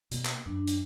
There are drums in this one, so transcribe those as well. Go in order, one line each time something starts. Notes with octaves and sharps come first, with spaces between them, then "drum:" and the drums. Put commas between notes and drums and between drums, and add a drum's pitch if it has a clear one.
B2 A#3, drum: hi-hat
drum: clap
F#2 D4
drum: hi-hat